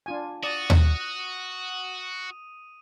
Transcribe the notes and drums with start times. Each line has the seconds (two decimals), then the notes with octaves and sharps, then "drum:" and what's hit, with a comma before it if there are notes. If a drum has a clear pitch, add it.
0.06 D4 F4 G#5
0.43 F#4 D5 D#6 D#7
0.70 drum: tom D#2